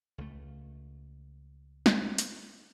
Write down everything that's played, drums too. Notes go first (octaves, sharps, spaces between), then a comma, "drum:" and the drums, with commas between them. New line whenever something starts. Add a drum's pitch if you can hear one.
C#2 A3
drum: snare
drum: hi-hat